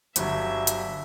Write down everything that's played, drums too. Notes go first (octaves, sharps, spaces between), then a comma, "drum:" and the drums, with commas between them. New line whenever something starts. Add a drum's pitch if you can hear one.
G1 G2 F#3 E5, drum: hi-hat
drum: hi-hat